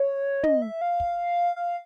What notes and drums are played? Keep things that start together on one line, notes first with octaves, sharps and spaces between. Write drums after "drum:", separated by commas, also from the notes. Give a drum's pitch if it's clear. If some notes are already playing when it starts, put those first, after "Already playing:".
Already playing: C#5
D#5, drum: tom
E5
F5
drum: kick
F5